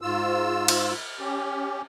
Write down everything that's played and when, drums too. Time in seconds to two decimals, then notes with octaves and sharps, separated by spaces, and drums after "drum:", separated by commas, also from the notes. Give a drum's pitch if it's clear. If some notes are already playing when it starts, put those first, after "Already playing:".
0.02 G#2 F4 E6
0.68 drum: cymbal
1.20 C#4 G4